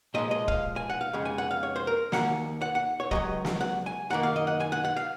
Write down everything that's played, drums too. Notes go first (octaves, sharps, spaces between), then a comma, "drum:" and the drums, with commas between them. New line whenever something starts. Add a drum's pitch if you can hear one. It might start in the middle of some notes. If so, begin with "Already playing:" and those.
A#2 F3 G#3 D#5
D#5
F5, drum: kick
G#5
F#5
F5
F2 C#3 G#3
G#5
F#5
F5
C#5
C5
A#4
D#2 D#3 A#3 F#5, drum: snare
F#5
F#5
C#5
C#2 C3 F#3 D#5, drum: kick
drum: snare
F#5
G#5
F#2 D#3 A#3 F#5
F5
D#5
F#5
G#5
F#5
F#5
F5